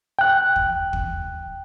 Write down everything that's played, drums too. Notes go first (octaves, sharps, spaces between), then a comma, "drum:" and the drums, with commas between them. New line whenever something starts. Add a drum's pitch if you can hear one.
G5 F#6
drum: kick
drum: kick